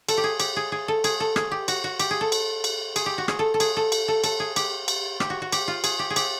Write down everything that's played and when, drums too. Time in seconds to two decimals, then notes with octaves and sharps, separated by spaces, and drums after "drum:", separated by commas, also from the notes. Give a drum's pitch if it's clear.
0.09 A4, drum: cymbal
0.18 G4
0.24 G#4
0.40 G4, drum: cymbal
0.56 G#4
0.72 G#4
0.88 A4
1.04 G#4, drum: cymbal
1.20 A4
1.36 G#4, drum: rim click
1.51 G4
1.68 F#4, drum: cymbal
1.84 F#4
2.00 G4, drum: cymbal
2.11 G#4
2.21 A4
2.32 drum: cymbal
2.64 drum: cymbal
2.96 G#4, drum: cymbal
3.06 G4
3.18 F#4
3.28 G#4, drum: rim click
3.39 A4
3.54 A4
3.60 G#4, drum: cymbal
3.77 A4
3.92 drum: cymbal
4.08 A4
4.24 A4, drum: cymbal
4.40 G#4
4.56 G4, drum: cymbal
4.88 drum: cymbal
5.20 G4, drum: rim click
5.30 F#4
5.42 F#4
5.52 G4, drum: cymbal
5.68 F4
5.84 G#4, drum: cymbal
5.99 G4
6.10 G#4
6.16 G4, drum: cymbal